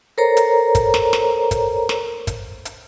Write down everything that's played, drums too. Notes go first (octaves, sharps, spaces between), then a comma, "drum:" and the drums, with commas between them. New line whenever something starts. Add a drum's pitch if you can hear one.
A4 A#4 C5 C#5 A#5
drum: hi-hat
drum: kick, hi-hat
drum: snare
drum: snare
drum: kick, hi-hat
drum: snare
drum: kick, hi-hat
drum: hi-hat